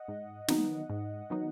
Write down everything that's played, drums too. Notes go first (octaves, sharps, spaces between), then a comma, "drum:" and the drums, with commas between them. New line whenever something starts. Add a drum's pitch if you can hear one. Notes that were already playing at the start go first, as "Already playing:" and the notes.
Already playing: D#5 F#5
G#2
D#3 F#3 B3 D#4, drum: snare
G#2
D#3 F#3 B3 D#4